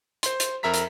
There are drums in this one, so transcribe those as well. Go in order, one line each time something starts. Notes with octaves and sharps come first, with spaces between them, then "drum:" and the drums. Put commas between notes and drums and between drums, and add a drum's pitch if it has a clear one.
C5 C6, drum: hi-hat
drum: hi-hat
F2 A#4 E5 A#5 B6
drum: hi-hat